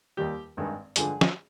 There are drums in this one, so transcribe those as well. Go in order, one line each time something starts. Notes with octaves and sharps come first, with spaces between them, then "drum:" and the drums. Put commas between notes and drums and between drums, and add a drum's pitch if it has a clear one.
D#2 D#3 G3 G4
G#1 G2 D#3 G#3
G2 D3 F3 G#3 G#4, drum: hi-hat
drum: snare